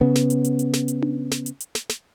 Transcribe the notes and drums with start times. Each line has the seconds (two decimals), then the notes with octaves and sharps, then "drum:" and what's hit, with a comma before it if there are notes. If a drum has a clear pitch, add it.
0.01 C#3 B3
0.15 drum: snare
0.30 drum: hi-hat
0.44 drum: hi-hat
0.59 drum: hi-hat
0.73 drum: snare
0.88 drum: hi-hat
1.02 drum: tom D4
1.31 drum: snare
1.46 drum: hi-hat
1.60 drum: hi-hat
1.75 drum: snare
1.89 drum: snare